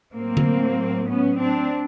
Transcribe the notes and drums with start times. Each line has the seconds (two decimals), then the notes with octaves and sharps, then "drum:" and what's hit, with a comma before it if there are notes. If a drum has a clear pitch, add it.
0.14 A2 F#3 A#3 C4
0.37 drum: tom D3
1.08 B3 C#4
1.39 C4 D4